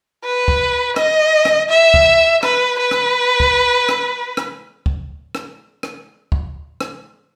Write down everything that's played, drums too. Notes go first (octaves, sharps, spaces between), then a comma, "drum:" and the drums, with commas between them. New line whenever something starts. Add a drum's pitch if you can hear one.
B4
drum: kick
D#5, drum: rim click
drum: rim click
E5
drum: kick
B4, drum: rim click
B4
drum: rim click
drum: kick
drum: rim click
drum: rim click
drum: kick
drum: rim click
drum: rim click
drum: kick
drum: rim click